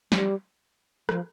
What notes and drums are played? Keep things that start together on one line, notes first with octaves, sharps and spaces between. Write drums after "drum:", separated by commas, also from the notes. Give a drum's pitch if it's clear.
G3, drum: snare
F3, drum: rim click